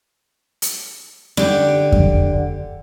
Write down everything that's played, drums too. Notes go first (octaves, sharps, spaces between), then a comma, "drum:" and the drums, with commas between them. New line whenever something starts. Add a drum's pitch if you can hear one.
drum: hi-hat
D3 G4, drum: snare C#4
drum: kick F2